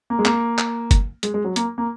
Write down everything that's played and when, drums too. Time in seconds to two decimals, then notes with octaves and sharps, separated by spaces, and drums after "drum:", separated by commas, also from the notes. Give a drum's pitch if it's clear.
0.10 A#3
0.19 G#3
0.25 A#3, drum: clap
0.58 drum: clap
0.91 drum: kick, hi-hat
1.23 G#3, drum: hi-hat
1.34 G#3
1.44 F#3
1.56 A#3, drum: hi-hat
1.78 A#3